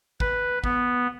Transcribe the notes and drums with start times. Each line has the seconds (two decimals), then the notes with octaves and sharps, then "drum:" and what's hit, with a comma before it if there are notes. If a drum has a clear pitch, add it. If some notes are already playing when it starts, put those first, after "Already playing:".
0.20 B4, drum: kick G#1
0.64 B3, drum: kick G#1